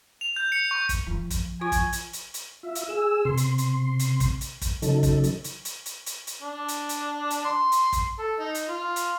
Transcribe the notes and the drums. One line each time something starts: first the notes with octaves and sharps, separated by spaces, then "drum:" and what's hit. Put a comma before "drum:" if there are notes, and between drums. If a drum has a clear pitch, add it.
F7
G6
C#7
C#6
drum: kick, hi-hat
F3
drum: kick, hi-hat
F4 G#5 C#6
drum: kick, hi-hat
drum: hi-hat
drum: hi-hat
drum: hi-hat
F4 E5
drum: hi-hat
G#4 E6
C3 C6
drum: hi-hat
drum: hi-hat
drum: hi-hat
drum: kick, hi-hat
drum: hi-hat
drum: kick, hi-hat
C#3 F#3 D#4 A4, drum: hi-hat
drum: kick, hi-hat
drum: hi-hat
drum: hi-hat
drum: hi-hat
drum: hi-hat
drum: hi-hat
drum: hi-hat
D4
drum: hi-hat
drum: hi-hat
drum: hi-hat
C6
drum: hi-hat
drum: kick, hi-hat
A4
D#4
drum: hi-hat
F4
drum: hi-hat